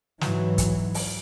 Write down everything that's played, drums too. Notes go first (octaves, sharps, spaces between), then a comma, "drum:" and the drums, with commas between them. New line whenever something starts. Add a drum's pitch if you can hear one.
G#2 E3 F#3, drum: snare
drum: kick, hi-hat
drum: open hi-hat